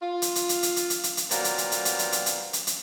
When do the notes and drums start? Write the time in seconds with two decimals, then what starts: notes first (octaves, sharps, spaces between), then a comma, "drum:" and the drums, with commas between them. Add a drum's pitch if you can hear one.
0.02 F4
0.22 drum: hi-hat
0.35 drum: hi-hat
0.49 drum: hi-hat
0.63 drum: hi-hat
0.76 drum: hi-hat
0.90 drum: hi-hat
1.03 drum: hi-hat
1.17 drum: hi-hat
1.31 A#2 F#3 G3 B3 C5 F5, drum: hi-hat
1.44 drum: hi-hat
1.58 drum: hi-hat
1.72 drum: hi-hat
1.85 drum: hi-hat
1.99 drum: hi-hat
2.12 drum: hi-hat
2.26 drum: hi-hat
2.53 drum: hi-hat
2.67 drum: hi-hat